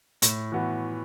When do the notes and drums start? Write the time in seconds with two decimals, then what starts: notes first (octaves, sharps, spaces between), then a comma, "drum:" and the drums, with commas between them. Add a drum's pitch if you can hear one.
0.22 A2, drum: hi-hat
0.52 E3 B3 F#4